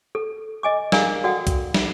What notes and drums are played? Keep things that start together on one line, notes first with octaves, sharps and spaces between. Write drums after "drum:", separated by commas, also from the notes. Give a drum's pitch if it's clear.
A4
D#5 G#5 D6
G#4 A#4 D5 F5 G#5 A#5, drum: snare
F#4 A4 D5 F#5 G5 D#6
drum: kick C2, hi-hat
drum: snare